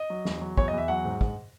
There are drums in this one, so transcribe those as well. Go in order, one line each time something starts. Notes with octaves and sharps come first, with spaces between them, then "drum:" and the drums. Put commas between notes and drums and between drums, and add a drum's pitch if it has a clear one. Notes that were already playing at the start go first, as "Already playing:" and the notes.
Already playing: D#5
F#3
E2, drum: snare
F#3
E2 C#5, drum: kick
D#5
E2 E5
F#3 F#5
G#2
G#2, drum: kick